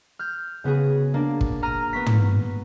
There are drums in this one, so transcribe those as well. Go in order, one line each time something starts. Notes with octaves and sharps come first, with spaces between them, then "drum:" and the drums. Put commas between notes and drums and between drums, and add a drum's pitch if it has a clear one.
F6 G6
C#3 B3 F#4 G#4
A#3 D4
drum: kick
A#5 F6 D#7
B3 C#6 B6
drum: tom